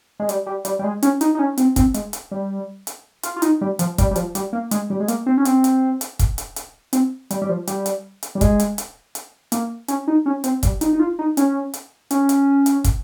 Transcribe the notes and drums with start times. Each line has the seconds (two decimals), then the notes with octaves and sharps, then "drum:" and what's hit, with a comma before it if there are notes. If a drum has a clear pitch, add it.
0.20 G#3
0.29 G3, drum: hi-hat
0.46 G3
0.65 G3, drum: hi-hat
0.79 G3
0.84 G#3
1.02 C#4, drum: hi-hat
1.21 D#4, drum: hi-hat
1.35 D#4
1.39 C#4
1.58 C4, drum: hi-hat
1.76 C4, drum: kick, hi-hat
1.94 G#3, drum: hi-hat
2.13 drum: hi-hat
2.31 G3
2.87 drum: hi-hat
3.23 F4, drum: hi-hat
3.36 F4
3.42 D#4, drum: hi-hat
3.61 G3
3.79 F3, drum: hi-hat
3.98 G3, drum: kick, hi-hat
4.11 G3
4.16 F3, drum: hi-hat
4.35 G3, drum: hi-hat
4.53 A#3
4.71 G#3, drum: hi-hat
4.90 G3
5.00 G#3
5.08 A#3, drum: hi-hat
5.26 C4
5.38 C#4
5.45 C4, drum: hi-hat
5.64 drum: hi-hat
6.01 drum: hi-hat
6.19 drum: kick, hi-hat
6.38 drum: hi-hat
6.56 drum: hi-hat
6.93 C4, drum: hi-hat
7.31 G3, drum: hi-hat
7.42 G3
7.49 F3
7.67 G3, drum: hi-hat
7.86 drum: hi-hat
8.23 drum: hi-hat
8.35 G3
8.41 G#3, drum: kick, hi-hat
8.60 drum: hi-hat
8.78 drum: hi-hat
9.15 drum: hi-hat
9.52 A#3, drum: hi-hat
9.88 C#4, drum: hi-hat
10.07 D#4
10.26 C#4
10.44 C4, drum: hi-hat
10.63 G3, drum: kick, hi-hat
10.81 D#4, drum: hi-hat
10.93 D#4
10.99 F4
11.19 D#4
11.37 C#4, drum: hi-hat
11.74 drum: hi-hat
12.11 C#4, drum: hi-hat
12.29 drum: hi-hat
12.66 drum: hi-hat
12.84 drum: kick, hi-hat